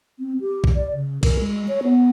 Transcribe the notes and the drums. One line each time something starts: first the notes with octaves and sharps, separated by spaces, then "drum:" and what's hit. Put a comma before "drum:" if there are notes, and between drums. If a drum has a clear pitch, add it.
C4
G4
drum: kick
D5
C#3
A#4, drum: kick, cymbal
G#3
C#5
B3